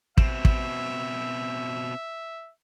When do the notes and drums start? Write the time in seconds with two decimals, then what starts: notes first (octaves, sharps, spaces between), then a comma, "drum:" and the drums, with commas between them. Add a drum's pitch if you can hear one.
0.18 B2 C4 E5, drum: kick
0.45 drum: kick